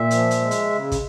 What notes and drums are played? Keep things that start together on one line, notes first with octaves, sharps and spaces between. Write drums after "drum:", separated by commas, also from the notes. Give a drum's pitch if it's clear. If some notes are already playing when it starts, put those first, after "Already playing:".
Already playing: A#2 E5
F3, drum: hi-hat
drum: hi-hat
G#3
drum: hi-hat
C#3
drum: kick, hi-hat